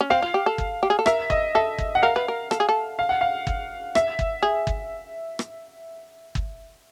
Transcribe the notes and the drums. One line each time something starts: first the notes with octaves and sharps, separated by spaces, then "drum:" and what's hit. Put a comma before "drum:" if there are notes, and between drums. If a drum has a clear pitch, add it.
C#4
C4 F5
F4
G4
A4
drum: kick G1
G4
G#4
A4
A#4 E5, drum: rim click
D#5, drum: kick G1
A4 E5
drum: kick G1
F#5
A#4 F5
B4
A#4
A4, drum: rim click
G#4
A4
F5
F#5
F5
drum: kick G1
E5, drum: rim click
drum: kick G1
G#4
drum: kick G1
drum: rim click
drum: kick G1